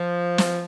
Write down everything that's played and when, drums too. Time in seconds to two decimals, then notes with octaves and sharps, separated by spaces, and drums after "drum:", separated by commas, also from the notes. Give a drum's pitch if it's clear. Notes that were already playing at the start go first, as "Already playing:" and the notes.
Already playing: F3
0.38 drum: snare